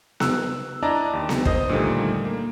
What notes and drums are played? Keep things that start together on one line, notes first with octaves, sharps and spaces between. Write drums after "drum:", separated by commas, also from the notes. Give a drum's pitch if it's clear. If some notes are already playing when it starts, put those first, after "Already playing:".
E6 F#6, drum: snare B3
D4 E4 D5 D#5 A5 A#5
D#2
drum: snare B3
C5 D#5 D#6, drum: kick
A#2 D3 D#3 G3 A3 A#3
A#3